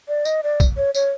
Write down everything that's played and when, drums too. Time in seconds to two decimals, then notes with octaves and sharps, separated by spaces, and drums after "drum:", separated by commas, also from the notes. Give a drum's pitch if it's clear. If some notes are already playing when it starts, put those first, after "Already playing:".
0.08 D5
0.25 D#5, drum: tambourine
0.43 D5
0.60 drum: kick, tambourine
0.77 C#5
0.95 C#5, drum: tambourine